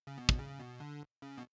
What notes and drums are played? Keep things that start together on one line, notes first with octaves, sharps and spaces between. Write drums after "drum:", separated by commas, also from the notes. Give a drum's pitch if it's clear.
C#3
B2
drum: kick
C#3
B2
D3
C#3
B2